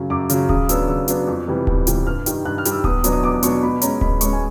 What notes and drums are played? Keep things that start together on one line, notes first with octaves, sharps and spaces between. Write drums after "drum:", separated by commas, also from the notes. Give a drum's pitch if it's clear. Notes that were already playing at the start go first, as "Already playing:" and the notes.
Already playing: F#2 C#3 F#3
F#2 D6
C#3 F#3, drum: hi-hat
C#3 D#6, drum: kick D1
F#3 B3 D4 E6, drum: hi-hat
C#3 E6
F#3 B3 D4, drum: hi-hat
F2
C3 E3 G3 B3
F2, drum: kick D1
C3 E3 G3 B3, drum: hi-hat
G2 F6
D#3 G3, drum: hi-hat
G2 F#6
F6
D#3 G3, drum: hi-hat
E6
E2 D#6, drum: kick D1
B2 F#3 B3 D4, drum: hi-hat
D#6
E2 D6
B2 F#3 B3 D4 C#6, drum: hi-hat
B2 B5
G#3 C#4 A#5, drum: hi-hat
B2 B5, drum: kick D1
G#3 C#4 C#6, drum: hi-hat
G#5